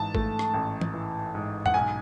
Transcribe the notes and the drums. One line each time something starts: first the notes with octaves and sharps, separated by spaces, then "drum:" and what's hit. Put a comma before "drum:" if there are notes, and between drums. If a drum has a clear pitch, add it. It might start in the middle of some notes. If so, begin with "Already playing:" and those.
Already playing: A1 G#2 E3 A5
A3, drum: kick G#1
drum: rim click
A1
drum: tom
E3
G#2
F#5, drum: tom E2
B1 G#5